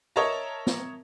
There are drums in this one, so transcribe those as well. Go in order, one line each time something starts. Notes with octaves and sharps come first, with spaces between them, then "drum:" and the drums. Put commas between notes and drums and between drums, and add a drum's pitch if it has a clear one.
A#4 C#5 D#5 E5 A5 A#5
drum: snare